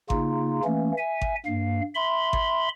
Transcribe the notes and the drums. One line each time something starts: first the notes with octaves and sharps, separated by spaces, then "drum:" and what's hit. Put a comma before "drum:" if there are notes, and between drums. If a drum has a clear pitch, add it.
C#3 A#3 D#4 F4, drum: kick G#1
E3 A3 A#3 C#4
E5 G#5
drum: kick G#1
G2 A#3 F5
E5 B5 C6
drum: kick G#1